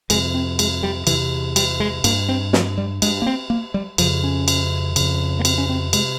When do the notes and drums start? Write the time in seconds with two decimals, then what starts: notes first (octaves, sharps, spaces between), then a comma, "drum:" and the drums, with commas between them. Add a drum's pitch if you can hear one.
0.10 F2 C3 G#3, drum: cymbal
0.34 C4
0.59 G#3, drum: cymbal
0.83 G3
1.07 E2 C3 E3, drum: cymbal
1.56 G3, drum: cymbal
1.80 G#3
2.04 G2 A#3, drum: cymbal
2.29 C4
2.53 F3, drum: snare
2.78 G3
3.02 G2 G#3, drum: cymbal
3.22 A#3
3.26 C4
3.50 A#3
3.74 G3
3.98 F2 C#3 F3, drum: cymbal
4.24 C#4
4.48 drum: cymbal
4.96 F2 C#3, drum: cymbal
5.39 A#3
5.45 C4, drum: cymbal
5.58 C#4
5.69 C4
5.93 C3 G#3, drum: cymbal